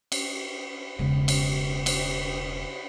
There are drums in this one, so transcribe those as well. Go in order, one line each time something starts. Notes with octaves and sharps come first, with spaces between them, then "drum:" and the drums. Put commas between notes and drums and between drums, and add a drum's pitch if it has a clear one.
drum: cymbal
E1 C#3
drum: cymbal
drum: cymbal